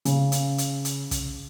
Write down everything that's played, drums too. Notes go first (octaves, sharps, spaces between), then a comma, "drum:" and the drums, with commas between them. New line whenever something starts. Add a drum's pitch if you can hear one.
C#3, drum: hi-hat
drum: hi-hat
drum: hi-hat
drum: hi-hat
drum: kick, hi-hat